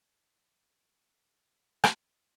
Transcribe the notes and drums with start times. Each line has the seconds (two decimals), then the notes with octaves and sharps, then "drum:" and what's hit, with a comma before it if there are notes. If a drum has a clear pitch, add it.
0.07 G#3 D#5
1.37 F4
1.84 drum: rim click